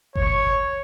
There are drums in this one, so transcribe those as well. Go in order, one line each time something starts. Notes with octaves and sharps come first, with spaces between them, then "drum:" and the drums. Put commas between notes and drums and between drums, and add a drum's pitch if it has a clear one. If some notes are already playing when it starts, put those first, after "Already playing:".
C#5, drum: kick G1